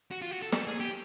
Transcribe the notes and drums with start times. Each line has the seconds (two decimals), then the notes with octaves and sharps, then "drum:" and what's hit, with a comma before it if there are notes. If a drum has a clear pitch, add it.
0.11 F#4
0.22 F4
0.31 F#4
0.42 A4
0.52 A4, drum: snare
0.67 G#4
0.80 G4